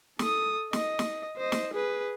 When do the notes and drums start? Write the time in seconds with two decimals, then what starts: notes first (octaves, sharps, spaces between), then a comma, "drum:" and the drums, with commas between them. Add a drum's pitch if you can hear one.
0.19 A4 D#6, drum: snare
0.73 D#5, drum: snare
0.99 drum: snare
1.37 C5 D#5
1.52 drum: snare
1.73 G#4 B4